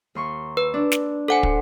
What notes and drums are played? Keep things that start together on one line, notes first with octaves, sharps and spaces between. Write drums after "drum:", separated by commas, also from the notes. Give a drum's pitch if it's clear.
D#2 C6 C#6
B4
D4
drum: snare
A4 C5 F#5 G#5
drum: kick